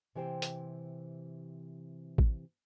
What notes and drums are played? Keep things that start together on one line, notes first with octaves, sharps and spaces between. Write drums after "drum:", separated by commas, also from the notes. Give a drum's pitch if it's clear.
C3 E3 G4 C5 G5
drum: hi-hat
drum: kick A1